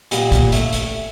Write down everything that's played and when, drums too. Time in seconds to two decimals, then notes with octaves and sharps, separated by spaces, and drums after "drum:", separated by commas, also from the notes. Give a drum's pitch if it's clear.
0.11 A#2 G3 B3, drum: hi-hat
0.32 drum: kick, hi-hat
0.52 A3, drum: hi-hat
0.72 drum: hi-hat